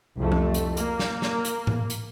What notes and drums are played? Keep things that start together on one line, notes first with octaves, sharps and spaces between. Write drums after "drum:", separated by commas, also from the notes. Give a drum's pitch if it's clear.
C2 F2 A3
drum: tom F3
drum: hi-hat
A#3, drum: hi-hat
drum: snare
drum: snare
drum: hi-hat
drum: tom A2
drum: hi-hat